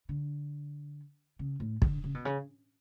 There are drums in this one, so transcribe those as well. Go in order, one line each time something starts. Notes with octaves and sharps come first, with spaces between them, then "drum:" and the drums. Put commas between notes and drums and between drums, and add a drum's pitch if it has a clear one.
D3
C#3
A2
D3, drum: kick
C#3
B2
C#3